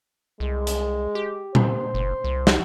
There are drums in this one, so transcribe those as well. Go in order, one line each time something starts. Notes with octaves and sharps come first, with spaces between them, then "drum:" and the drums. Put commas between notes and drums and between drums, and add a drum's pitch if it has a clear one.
C2 G#3
drum: hi-hat
G4
C5, drum: tom A#2
F#1
C2
drum: snare